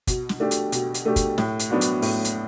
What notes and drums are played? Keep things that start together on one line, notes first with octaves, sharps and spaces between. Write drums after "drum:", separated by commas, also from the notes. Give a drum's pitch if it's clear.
B2, drum: kick, hi-hat
drum: snare
A3 D4 G4
drum: hi-hat
B2, drum: hi-hat
drum: hi-hat
A3 D4 G4
drum: kick, hi-hat
A2, drum: snare
drum: hi-hat
F#3 B3 D4 F#4
drum: hi-hat
A2, drum: open hi-hat
drum: hi-hat